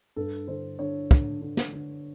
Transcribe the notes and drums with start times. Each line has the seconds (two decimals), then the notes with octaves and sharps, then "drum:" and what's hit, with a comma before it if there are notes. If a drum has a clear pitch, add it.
0.16 G2 A4
0.48 D3 C5
0.79 D3 C#5
1.11 D3, drum: kick
1.41 D3
1.57 drum: snare
1.73 D3